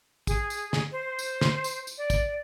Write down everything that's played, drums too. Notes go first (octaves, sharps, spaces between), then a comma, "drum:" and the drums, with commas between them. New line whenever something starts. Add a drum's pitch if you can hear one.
G#4, drum: kick, tambourine
drum: tambourine
drum: snare
C5
drum: tambourine
drum: snare
drum: tambourine
drum: tambourine
D5
drum: kick, tambourine